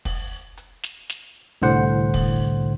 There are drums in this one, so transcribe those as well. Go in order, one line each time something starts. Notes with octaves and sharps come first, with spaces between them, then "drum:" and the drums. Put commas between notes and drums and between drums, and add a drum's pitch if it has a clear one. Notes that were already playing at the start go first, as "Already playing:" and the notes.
drum: kick, open hi-hat
drum: hi-hat
drum: snare
drum: snare
C2 A2 D3 C5 F#5
drum: kick, open hi-hat